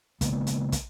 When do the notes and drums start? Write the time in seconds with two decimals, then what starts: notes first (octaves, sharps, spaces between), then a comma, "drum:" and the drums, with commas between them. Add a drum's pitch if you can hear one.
0.21 C#3 G#3 A#3 B3, drum: kick, hi-hat
0.47 drum: hi-hat
0.72 drum: kick, hi-hat